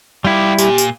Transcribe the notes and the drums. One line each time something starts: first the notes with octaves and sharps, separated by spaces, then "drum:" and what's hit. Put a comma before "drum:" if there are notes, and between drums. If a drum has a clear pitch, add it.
G3 E4 F4 G4
A#2 G4, drum: tambourine
drum: tambourine